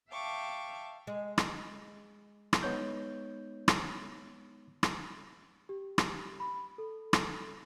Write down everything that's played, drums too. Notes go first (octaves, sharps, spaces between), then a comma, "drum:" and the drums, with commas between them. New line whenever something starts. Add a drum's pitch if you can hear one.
E5 F5 G5 A5 C#6 D6
G#3
drum: rim click
drum: rim click
G#3 B3 D#4 C#5 G6
drum: rim click
drum: rim click
G4
drum: rim click
B5
A4
drum: rim click